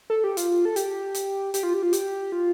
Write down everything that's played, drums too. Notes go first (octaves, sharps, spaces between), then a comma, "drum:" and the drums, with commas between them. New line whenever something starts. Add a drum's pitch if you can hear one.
A4
G4
F4, drum: hi-hat
A4
G4, drum: hi-hat
drum: hi-hat
G4, drum: hi-hat
F4
G4
F4
G4, drum: hi-hat
F4